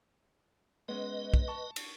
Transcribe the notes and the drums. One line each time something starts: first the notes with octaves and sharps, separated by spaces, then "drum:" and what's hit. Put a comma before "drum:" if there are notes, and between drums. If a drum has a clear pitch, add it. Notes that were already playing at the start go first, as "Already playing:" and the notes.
G#3 B3 C#4 B4 D#5
drum: kick
A5 C#6
drum: cymbal